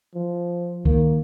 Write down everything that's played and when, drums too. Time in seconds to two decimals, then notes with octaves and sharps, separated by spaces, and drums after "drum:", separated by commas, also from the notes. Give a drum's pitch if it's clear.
0.15 F3
0.85 D#3 A#3, drum: kick C#2